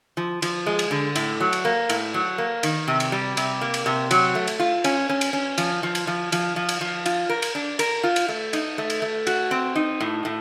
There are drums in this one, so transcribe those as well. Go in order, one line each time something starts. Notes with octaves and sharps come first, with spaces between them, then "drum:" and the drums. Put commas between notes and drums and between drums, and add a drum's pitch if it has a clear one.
F3
F3, drum: cymbal
G#3
drum: cymbal
D3
A2, drum: cymbal
F#3
drum: cymbal
A#3
A2, drum: cymbal
F#3
A#3
D#3, drum: cymbal
C3
drum: cymbal
G3
C3, drum: cymbal
A#3
drum: cymbal
C3
F#3, drum: cymbal
A3
drum: cymbal
F4
C#4, drum: cymbal
C#4
drum: cymbal
C#4
F3, drum: cymbal
F3
drum: cymbal
F3
F3, drum: cymbal
F3
drum: cymbal
F3
F4, drum: cymbal
A#4
drum: cymbal
D4
A#4, drum: cymbal
F4
drum: cymbal
A3
D#4, drum: cymbal
A3
drum: cymbal
A3
F#4, drum: cymbal
C4
D#4
A2
A2